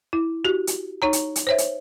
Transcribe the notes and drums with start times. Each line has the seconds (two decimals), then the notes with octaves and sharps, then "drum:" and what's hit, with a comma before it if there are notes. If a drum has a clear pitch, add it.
0.13 E4
0.45 F#4 G4
0.67 drum: hi-hat
1.02 D#4 C#5 A#5
1.13 drum: hi-hat
1.36 drum: hi-hat
1.47 C5 C#5 E5
1.58 drum: hi-hat